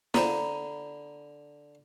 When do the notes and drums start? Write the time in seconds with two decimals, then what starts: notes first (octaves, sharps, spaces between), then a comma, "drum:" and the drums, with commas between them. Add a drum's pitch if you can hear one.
0.14 D3 A#5 B5, drum: snare